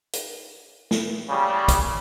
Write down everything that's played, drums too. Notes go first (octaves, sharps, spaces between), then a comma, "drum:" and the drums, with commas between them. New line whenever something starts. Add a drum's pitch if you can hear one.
drum: hi-hat
drum: snare
C#3 G3
drum: kick, hi-hat